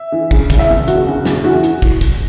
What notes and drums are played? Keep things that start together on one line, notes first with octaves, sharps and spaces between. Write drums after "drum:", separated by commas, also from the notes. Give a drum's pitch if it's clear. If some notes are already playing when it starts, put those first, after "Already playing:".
Already playing: E5
E3
C#3, drum: kick
F#1, drum: kick, hi-hat
E5
E2
F#1 F#4, drum: hi-hat
C#3
E2, drum: snare
E3 F#4
drum: hi-hat
drum: kick
drum: kick, hi-hat